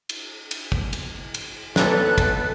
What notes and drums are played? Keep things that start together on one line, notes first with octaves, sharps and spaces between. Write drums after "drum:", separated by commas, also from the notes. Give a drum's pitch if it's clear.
drum: cymbal
drum: cymbal
drum: kick
drum: cymbal
drum: cymbal
B1 A#2 E3 B3 A4 F#6, drum: snare
drum: kick, cymbal